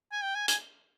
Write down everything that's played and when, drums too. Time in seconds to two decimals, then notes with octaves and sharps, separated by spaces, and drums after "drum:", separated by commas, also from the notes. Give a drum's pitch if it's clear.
0.12 G#5
0.23 G5
0.35 G#5
0.48 G#5, drum: hi-hat